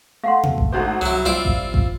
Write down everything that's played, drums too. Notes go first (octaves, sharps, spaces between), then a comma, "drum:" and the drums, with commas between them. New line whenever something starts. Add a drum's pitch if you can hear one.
A3 F5 F#5 C6
drum: tom B2
drum: kick A1
G#1 C#4 D#4 F#4 A4 C5
C2 F#3 E4
G3 C4 E4 F4 D6
drum: kick A1
drum: kick A1